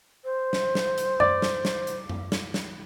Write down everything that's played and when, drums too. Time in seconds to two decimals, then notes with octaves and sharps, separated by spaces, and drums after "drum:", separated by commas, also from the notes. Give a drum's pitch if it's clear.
0.24 C5
0.53 drum: snare
0.75 drum: snare
0.98 drum: hi-hat
1.20 D5, drum: tom F#2
1.42 drum: snare
1.65 drum: snare
1.87 drum: hi-hat
2.09 drum: tom F#2
2.32 drum: snare
2.54 drum: snare